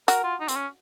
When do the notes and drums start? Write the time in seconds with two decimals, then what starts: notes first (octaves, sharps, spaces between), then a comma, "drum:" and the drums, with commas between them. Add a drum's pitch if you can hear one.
0.08 F#4 A#4, drum: hi-hat
0.24 F4
0.41 D#4
0.48 C4, drum: hi-hat
0.56 C#4